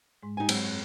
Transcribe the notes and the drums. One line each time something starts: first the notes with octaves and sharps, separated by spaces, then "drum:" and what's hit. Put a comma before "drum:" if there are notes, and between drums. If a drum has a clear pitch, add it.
G#2 G#3
G#3 D#4 G4 G5 G#5
F#3 C4, drum: cymbal
F#2 F#6